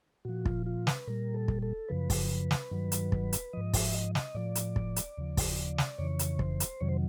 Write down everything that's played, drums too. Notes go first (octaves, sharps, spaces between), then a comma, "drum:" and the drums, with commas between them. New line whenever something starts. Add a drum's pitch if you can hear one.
A#2 F3 F#4
F4, drum: kick
F4
B4, drum: snare
A#2 G3 A#4
A4
drum: kick
A4
F#2 C#3 F3 B4
drum: kick, open hi-hat
drum: snare
G2 D#3 F#3
drum: hi-hat
drum: kick
drum: hi-hat
G#2 F3 D#5
E5, drum: kick, open hi-hat
D#5
D#5, drum: snare
A2 F3 D5
drum: hi-hat
drum: kick
drum: hi-hat
D#2 C#3 F3
drum: kick, open hi-hat
drum: snare
F2 C#3 E3 C#5
drum: hi-hat
C5, drum: kick
drum: hi-hat
F2 C3 D#3 F#3 C#5
C5